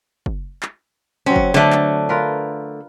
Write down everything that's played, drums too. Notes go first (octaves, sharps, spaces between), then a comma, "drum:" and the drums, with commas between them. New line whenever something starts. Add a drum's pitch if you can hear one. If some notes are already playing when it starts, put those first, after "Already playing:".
drum: kick F#1
drum: clap
F#3 C4 C#4
drum: kick F#1
D3 F#3 A3 D4
drum: clap
F4 A#4 B4